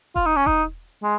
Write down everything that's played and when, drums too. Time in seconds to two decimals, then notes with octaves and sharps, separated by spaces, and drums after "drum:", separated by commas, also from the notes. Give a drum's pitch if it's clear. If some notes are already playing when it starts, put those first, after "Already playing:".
0.16 F4, drum: kick E1
0.26 D#4
0.36 C#4
0.46 D#4, drum: kick E1
1.03 G#3